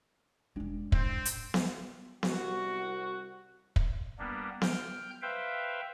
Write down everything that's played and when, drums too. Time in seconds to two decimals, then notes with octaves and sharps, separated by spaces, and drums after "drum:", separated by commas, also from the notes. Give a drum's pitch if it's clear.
0.56 E1 G#3 C#4 D4
0.92 A2 C4, drum: kick
1.25 drum: hi-hat
1.54 drum: snare B3
2.23 C2 F#4, drum: snare B3
3.76 drum: kick
4.18 G3 A#3 B3 D4
4.62 G5 F6 G6, drum: snare B3
5.22 B4 C5 E5 F5 G5